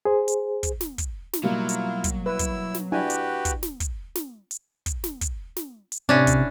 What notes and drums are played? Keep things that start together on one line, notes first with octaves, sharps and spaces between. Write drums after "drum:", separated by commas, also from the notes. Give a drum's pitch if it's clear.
G#4 C5
drum: hi-hat
drum: kick, hi-hat
drum: snare
drum: kick, hi-hat
drum: snare
B2 F#3 G3 A#3 E4 F4
drum: hi-hat
drum: kick, hi-hat
E4 B4 E6
drum: kick, hi-hat
drum: snare
D4 E4 F#4 G4 B4 G#5
drum: hi-hat
drum: kick, hi-hat
drum: snare
drum: kick, hi-hat
drum: snare
drum: hi-hat
drum: kick, hi-hat
drum: snare
drum: kick, hi-hat
drum: snare
drum: hi-hat
A2 C3 C#4 D4
drum: kick, hi-hat